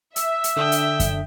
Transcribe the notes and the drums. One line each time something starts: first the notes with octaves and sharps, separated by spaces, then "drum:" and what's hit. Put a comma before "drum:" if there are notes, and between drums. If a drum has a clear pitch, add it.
E5 E6, drum: hi-hat
drum: hi-hat
D3 D4 G5 D#6
drum: hi-hat
drum: kick F#2, hi-hat